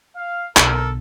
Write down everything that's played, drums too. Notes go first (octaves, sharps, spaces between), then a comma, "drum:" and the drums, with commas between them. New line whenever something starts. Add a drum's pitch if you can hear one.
F5
B1 D3 A4 A#4, drum: clap